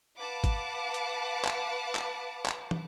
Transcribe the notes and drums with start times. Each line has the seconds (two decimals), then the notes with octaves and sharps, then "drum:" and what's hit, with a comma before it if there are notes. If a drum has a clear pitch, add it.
0.18 B4 F5 F#5 A5 D6
0.44 drum: kick G#1, hi-hat
0.94 drum: hi-hat
1.45 drum: clap
1.95 drum: clap
2.46 drum: clap
2.71 drum: tom